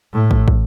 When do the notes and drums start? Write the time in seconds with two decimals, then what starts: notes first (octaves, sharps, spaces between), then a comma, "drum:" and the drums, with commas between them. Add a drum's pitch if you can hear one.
0.14 A2
0.31 drum: kick
0.48 drum: kick